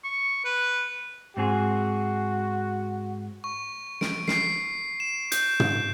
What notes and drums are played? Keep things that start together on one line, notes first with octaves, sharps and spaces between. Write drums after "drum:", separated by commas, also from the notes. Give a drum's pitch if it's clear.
C#6
B4
G#2 C4 F#4 G#4
C#6
D7, drum: snare
C7, drum: snare
E7
G6, drum: hi-hat
drum: tom